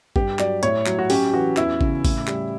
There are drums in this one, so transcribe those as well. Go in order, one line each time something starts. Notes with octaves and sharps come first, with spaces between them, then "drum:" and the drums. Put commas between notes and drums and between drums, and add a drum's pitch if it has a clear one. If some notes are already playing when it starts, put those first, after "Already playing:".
G2 G4, drum: kick G#1
F#3 D5, drum: clap
A2 C#5, drum: hi-hat
F#3, drum: clap
F#4
C#4 G4, drum: open hi-hat
E3 F#4
E2 E4, drum: clap
C#3, drum: kick G#1
A2, drum: kick G#1, open hi-hat
G3, drum: clap